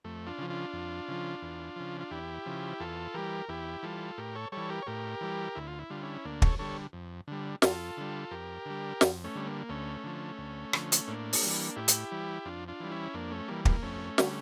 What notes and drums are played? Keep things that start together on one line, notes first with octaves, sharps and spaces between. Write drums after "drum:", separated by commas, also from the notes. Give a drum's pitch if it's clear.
F2 A3
D4 F4
C#3 F3
D4 F4
F2
C#3 F3
E2
C#3 F3
F4
E2 E4 G4
C#3 F3
E2 F4 A4
E3 G3 G4 A#4
E2 E4 G4
E3 G3 F4 A4
A2 G4 A#4
A4 C#5
E3 G3 A4 C#5
G4 A#4
C#5
A2 G4 A#4
E3 G3
D2 E4
F4
E4
D3 G3 F4
C#4 E4
D2 A#3 D4
A4 C#5, drum: kick
D3 G3 A4 C#5
F2
D3 G3
F2 F4 A4, drum: snare
D3 G3
F2 G4 A#4
D3 G3
F2, drum: snare
A3 C#4
D3 G3
A#3
D2 A3 C#4
D3 F3
D2
D3 F3, drum: rim click
drum: hi-hat
A2 A#3 D4
drum: open hi-hat
E3 G3
A2 E4 G4
drum: hi-hat
E3 G3
F2 D4 F4
D4 F4
E3 G3
C#4 E4
F2 A#3 D4
A3 C#4
E3 G3 A#3
A#3, drum: kick
F2 A3 C#4
D3 G3, drum: snare